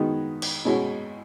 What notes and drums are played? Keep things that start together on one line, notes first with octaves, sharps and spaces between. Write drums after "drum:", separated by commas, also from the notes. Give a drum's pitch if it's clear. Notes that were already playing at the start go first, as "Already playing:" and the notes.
Already playing: D#3 G#3 B3 D#4 F#4
drum: cymbal
B2 G#3 C#4 F#4